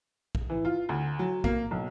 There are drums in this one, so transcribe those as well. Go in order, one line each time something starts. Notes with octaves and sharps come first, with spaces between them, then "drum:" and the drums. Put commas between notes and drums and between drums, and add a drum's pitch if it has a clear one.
drum: kick
E3
F4
D2
F#3
A#3, drum: kick
B1